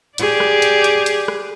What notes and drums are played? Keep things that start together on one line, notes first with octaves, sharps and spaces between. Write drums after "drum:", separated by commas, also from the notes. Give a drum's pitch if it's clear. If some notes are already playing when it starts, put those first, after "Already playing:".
G4 G#4 D5, drum: hi-hat
drum: rim click
drum: hi-hat
drum: hi-hat
drum: hi-hat
drum: rim click